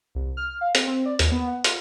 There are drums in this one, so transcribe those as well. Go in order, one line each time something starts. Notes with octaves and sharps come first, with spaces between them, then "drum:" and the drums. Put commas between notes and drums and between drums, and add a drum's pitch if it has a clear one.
C2
F6
F5
C4, drum: hi-hat
C4
D5
D#2, drum: hi-hat
B3
F#5
F4, drum: hi-hat